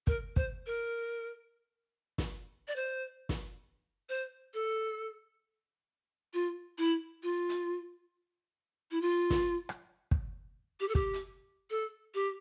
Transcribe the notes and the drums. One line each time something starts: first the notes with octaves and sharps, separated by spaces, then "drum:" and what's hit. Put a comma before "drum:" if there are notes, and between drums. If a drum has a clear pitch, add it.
A#4, drum: kick
C5, drum: kick
A#4
drum: snare
D5
C5
drum: snare
C5
A4
F4
E4
F4
drum: hi-hat
E4
F4
drum: snare
drum: rim click
drum: kick
G4
A4
G4, drum: kick
drum: hi-hat
A4
G4